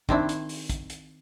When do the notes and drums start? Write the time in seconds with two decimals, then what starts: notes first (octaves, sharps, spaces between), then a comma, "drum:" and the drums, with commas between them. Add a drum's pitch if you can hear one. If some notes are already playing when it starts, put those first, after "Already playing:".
0.09 D#3 C4 D4 E4, drum: kick
0.29 drum: hi-hat
0.49 drum: open hi-hat
0.69 drum: kick, hi-hat
0.90 drum: hi-hat